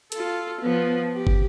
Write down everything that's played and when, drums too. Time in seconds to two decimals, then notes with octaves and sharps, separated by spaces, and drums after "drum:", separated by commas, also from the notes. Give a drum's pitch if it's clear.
0.12 F4 A4, drum: hi-hat
0.61 F3 B3
1.14 G4
1.27 drum: kick